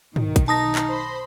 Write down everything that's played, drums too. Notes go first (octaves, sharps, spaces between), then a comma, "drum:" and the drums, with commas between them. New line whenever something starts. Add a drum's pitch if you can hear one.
B1 D#3, drum: tom
drum: kick, hi-hat
D#4 A5 D#6 A#6
drum: clap
C5 B5 C6